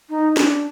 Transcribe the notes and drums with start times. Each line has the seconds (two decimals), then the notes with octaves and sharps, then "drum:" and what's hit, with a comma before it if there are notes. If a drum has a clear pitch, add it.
0.09 D#4
0.37 D4, drum: snare